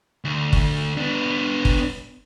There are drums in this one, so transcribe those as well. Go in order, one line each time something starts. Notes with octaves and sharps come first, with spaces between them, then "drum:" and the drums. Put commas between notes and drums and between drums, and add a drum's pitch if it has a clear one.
D2
drum: kick
B3 D4
drum: kick